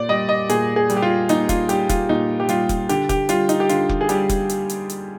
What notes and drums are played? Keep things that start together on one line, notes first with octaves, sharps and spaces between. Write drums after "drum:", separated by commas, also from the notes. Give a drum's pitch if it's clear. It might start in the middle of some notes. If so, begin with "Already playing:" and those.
Already playing: A#2 D5
G3 D#5
D#5
A#2 G#4, drum: hi-hat
G#4
G3, drum: hi-hat
G4
F4
A#2 D#4, drum: hi-hat
F4, drum: kick F1, hi-hat
G3 G4, drum: hi-hat
F4, drum: kick F1, hi-hat
A#2 D#4
G4
G3 F4, drum: hi-hat
drum: kick F1, hi-hat
D3 G4, drum: hi-hat
G4, drum: kick F1, hi-hat
G3 F4, drum: hi-hat
D#4, drum: hi-hat
G4
D3 F4, drum: hi-hat
drum: kick F1
G#4
G3 G4, drum: hi-hat
drum: kick F1, hi-hat
drum: hi-hat
drum: hi-hat
drum: hi-hat